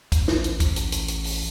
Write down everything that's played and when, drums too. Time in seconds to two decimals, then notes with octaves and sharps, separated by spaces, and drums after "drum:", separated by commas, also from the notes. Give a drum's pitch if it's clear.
0.12 A1, drum: kick, hi-hat
0.28 drum: snare
0.44 drum: hi-hat
0.60 drum: kick, hi-hat
0.76 drum: hi-hat
0.92 drum: hi-hat
1.08 drum: hi-hat
1.24 drum: open hi-hat